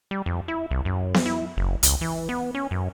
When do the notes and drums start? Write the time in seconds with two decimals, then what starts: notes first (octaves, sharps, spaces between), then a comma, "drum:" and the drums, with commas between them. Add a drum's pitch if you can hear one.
0.11 G3
0.26 F2
0.48 E4
0.71 C2
0.85 F#2
1.14 drum: snare B3
1.26 E4
1.57 F#1
1.83 C#2, drum: hi-hat
2.01 E3
2.29 B3
2.55 C#4
2.71 F#2